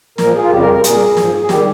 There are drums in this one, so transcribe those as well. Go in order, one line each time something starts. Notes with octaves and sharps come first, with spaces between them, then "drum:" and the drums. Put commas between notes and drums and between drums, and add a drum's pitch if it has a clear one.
A#2 F3 A#4, drum: snare
G#4
F4
F2 C#3 G3 G4
A#4
A#4
A#2 G3 G#4, drum: hi-hat
G#2 F3, drum: snare
G#4
D#3 G3 G4, drum: snare